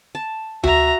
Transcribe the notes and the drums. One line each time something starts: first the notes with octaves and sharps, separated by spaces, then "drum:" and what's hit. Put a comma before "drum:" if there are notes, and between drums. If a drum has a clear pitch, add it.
A5
F#4 E5 A#5, drum: tom D2